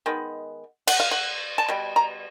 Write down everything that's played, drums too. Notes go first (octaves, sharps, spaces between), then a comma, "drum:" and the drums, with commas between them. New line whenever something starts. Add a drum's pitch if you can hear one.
D#3 G#3 B3
F#5, drum: cymbal
F5
F#5
A5
B2 G3
A#5